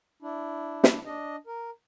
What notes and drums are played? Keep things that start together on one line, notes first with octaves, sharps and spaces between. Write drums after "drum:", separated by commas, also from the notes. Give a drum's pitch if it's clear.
D4 E4
drum: snare
D4 D#5
A#4